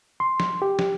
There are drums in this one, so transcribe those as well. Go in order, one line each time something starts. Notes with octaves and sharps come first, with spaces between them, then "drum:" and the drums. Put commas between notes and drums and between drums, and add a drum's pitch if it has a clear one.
C6
drum: snare
G4
drum: snare